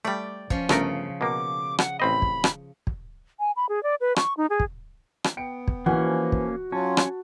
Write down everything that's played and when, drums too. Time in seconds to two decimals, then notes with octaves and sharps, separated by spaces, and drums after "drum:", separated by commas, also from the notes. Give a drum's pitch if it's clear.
0.05 G3 A3 D5 G5
0.50 F3 C#4, drum: kick
0.69 G1 C#3 A3 A#4, drum: rim click
1.21 B2 A#3 D6
1.79 F#5, drum: rim click
2.00 A1 C4 D#5 B5
2.22 drum: kick
2.44 drum: rim click
2.87 drum: kick
3.40 G#5
3.56 B5
3.69 G#4
3.83 D5
4.01 B4
4.16 C#6, drum: rim click
4.37 D#4
4.50 G#4
4.60 drum: kick
5.24 drum: rim click
5.37 B3 G5 C#7 D7
5.68 drum: kick
5.86 E3 A#3 C#4 F#4 B4
6.01 F3
6.32 drum: kick
6.72 F#3 C#4 F4 A5
6.97 drum: rim click